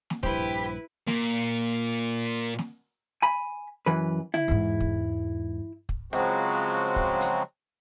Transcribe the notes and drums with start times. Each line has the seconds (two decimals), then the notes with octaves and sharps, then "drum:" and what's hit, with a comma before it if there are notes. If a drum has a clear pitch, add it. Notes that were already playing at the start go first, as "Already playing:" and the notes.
0.10 drum: snare
0.23 A#1 G2 E4 G4 B4 C5, drum: kick
1.07 A#2 A#3, drum: snare
2.59 drum: snare
3.22 G#5 B5
3.86 F#2 E3 B4
4.34 E4, drum: tom C#3
4.48 E2 G#2
4.80 drum: kick
5.89 drum: kick
6.13 C#3 F3 F#3 G#3 C4 F#4, drum: rim click
6.96 drum: kick
7.20 drum: hi-hat